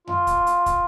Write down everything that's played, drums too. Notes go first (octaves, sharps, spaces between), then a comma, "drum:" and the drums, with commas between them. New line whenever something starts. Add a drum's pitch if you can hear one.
F4, drum: tom F2
drum: kick, hi-hat
drum: hi-hat
drum: kick, hi-hat